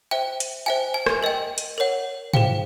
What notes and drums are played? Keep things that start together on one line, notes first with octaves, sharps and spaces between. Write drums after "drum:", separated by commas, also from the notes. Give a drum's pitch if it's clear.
C5 E5 G5
drum: hi-hat
C5 E5 G5 G#5
G#5
drum: rim click
A#4 D#5 G5
drum: hi-hat
A#4 C#5 F#5
G#4 C5 F5 G5, drum: tom G#2